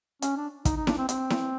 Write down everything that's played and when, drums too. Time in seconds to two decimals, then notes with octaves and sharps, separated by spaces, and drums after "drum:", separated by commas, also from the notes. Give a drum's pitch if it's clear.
0.22 C#4, drum: hi-hat
0.37 D4
0.65 D#4, drum: kick, hi-hat
0.76 D#4
0.87 D4, drum: snare E4
0.98 C4
1.09 C4, drum: hi-hat
1.30 drum: snare E4